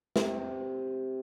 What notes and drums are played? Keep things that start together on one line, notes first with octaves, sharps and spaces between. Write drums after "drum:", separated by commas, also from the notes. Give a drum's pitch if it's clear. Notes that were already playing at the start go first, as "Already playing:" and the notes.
C3, drum: snare